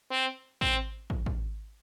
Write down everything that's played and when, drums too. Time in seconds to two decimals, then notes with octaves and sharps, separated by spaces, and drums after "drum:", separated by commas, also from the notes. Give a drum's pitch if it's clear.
0.11 C4
0.61 C4, drum: kick
1.10 drum: kick
1.26 drum: kick